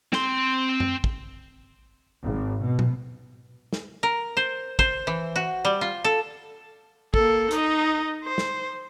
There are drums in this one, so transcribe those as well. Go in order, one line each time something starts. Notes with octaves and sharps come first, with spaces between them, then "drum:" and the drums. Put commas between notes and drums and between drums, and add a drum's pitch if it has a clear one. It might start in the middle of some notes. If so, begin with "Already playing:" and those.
C4 C6, drum: snare
drum: tom F#2
drum: kick
G#1
B2
drum: tom A#2
drum: snare
A#4
C5
C5, drum: kick
E3
F#4
G3
F4
A4
A#3 A4, drum: kick
D#4 D#5, drum: hi-hat
C5
drum: snare